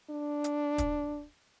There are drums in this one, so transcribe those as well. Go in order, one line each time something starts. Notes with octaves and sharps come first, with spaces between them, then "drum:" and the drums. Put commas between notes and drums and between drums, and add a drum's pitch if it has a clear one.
D4
drum: hi-hat
drum: kick, hi-hat